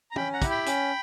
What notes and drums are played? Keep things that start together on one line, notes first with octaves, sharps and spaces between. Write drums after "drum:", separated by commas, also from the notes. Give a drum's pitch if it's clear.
A#5
C#4 G5 B5, drum: tom
F#5 A#5
E4 G4, drum: kick, hi-hat
G5 B5
C#4, drum: hi-hat